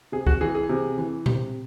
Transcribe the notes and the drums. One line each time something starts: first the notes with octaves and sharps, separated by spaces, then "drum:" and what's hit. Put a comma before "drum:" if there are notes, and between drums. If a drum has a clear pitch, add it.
C3 G#4
F#4, drum: kick C2
E3 G#4
G#4
C3
E3
C3, drum: tom A#2